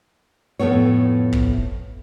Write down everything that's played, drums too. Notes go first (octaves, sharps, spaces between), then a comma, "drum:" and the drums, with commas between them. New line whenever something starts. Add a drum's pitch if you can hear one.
F2 A2 A3 B3 C#5
drum: kick